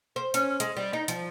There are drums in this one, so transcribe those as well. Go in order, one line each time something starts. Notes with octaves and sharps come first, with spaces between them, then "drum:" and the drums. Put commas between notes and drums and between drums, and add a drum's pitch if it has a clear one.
C5
C#4, drum: hi-hat
G#3, drum: hi-hat
G3
D#4
F3, drum: hi-hat